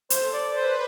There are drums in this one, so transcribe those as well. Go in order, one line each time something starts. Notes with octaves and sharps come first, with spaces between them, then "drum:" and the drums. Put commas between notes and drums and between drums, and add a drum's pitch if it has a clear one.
C5, drum: hi-hat
A4
D5
B4
C5